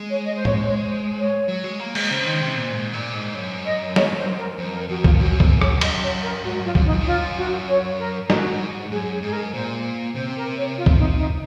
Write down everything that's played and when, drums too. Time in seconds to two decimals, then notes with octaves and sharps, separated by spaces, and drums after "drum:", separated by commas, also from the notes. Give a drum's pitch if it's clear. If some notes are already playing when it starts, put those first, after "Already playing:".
Already playing: G#3
0.09 C#5
0.25 D#5
0.36 C5
0.45 C#5, drum: tom A2
0.66 C#5
0.86 C5
1.18 C#5
1.48 F#3
1.64 G#3
1.80 A#3
1.95 G#3, drum: cymbal
2.10 C#3 C5
2.26 D#3
2.41 C3
2.56 A#2
2.72 G#2
2.93 A#2
3.14 G#2
3.34 F#2
3.65 D#5
3.96 C#5, drum: snare
4.17 C5
4.38 A#4
4.58 F2 C5
4.73 A#4
4.89 F2 F#4
5.04 F4, drum: kick C#2
5.20 F#2 F#4
5.40 A#4, drum: kick C#2
5.61 C#5, drum: rim click
5.81 D#5, drum: cymbal
6.03 C#5
6.23 A#4
6.44 G#2 F#4
6.59 F#2
6.65 F4
6.75 F#2, drum: kick C#2
6.85 D#4
6.90 F#2
7.01 G#2
7.06 F#2 F4
7.37 F#4
7.68 C#5
7.99 A#4
8.30 G#2 F#4, drum: snare
8.91 F#2 G#4
9.12 G#4
9.23 G#2 G#4
9.33 A#4
9.54 A#2 C5
10.15 C3 C5
10.36 A#4
10.57 C#5
10.77 F4
10.86 drum: kick C#2
10.97 D#4
11.18 D#4